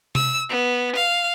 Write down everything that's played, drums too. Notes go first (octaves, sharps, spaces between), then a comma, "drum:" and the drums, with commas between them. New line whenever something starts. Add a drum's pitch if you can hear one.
E6, drum: tom C3
B3
F5